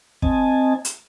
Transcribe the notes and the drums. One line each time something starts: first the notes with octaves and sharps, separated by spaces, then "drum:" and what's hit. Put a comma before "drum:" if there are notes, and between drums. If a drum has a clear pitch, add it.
C4 D#5 G#5 A5, drum: kick
drum: hi-hat